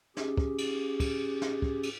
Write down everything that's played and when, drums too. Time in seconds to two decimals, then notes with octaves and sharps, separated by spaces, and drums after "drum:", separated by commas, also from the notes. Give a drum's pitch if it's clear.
0.17 C#4 G4 G#4, drum: snare
0.37 drum: kick
0.58 drum: cymbal
1.00 drum: kick, cymbal
1.41 drum: snare
1.62 drum: kick
1.83 drum: cymbal